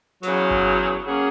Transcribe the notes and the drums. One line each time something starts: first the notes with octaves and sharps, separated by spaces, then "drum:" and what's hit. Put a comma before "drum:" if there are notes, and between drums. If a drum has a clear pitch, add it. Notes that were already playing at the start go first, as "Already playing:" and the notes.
E2 C#3 F#3, drum: snare
drum: kick G1
F#3 A#3 C#4 G#4